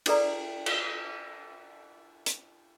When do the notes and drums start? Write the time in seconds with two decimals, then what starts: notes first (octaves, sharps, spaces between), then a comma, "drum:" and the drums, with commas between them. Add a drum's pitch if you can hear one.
0.06 D4 G#4 A4 B4 D5 A#5, drum: cymbal
0.66 drum: cymbal
2.26 drum: hi-hat